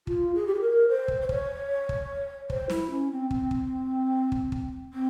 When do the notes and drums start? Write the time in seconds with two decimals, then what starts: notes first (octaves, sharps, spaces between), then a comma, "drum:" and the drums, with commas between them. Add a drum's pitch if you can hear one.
0.07 F4, drum: kick
0.34 G#4
0.46 G4
0.54 G#4
0.60 A#4
0.88 C5
1.08 drum: kick
1.21 C5
1.29 C#5, drum: kick
1.89 drum: kick
2.50 C5, drum: kick
2.70 E4, drum: snare
2.90 C#4
3.11 C4
3.31 C4, drum: kick
3.51 drum: kick
4.32 drum: kick
4.52 drum: kick
4.93 C4